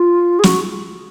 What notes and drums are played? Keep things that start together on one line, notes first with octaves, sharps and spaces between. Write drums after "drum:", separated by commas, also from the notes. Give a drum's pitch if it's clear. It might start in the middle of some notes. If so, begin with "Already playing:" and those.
Already playing: F4
G#4
F#4, drum: snare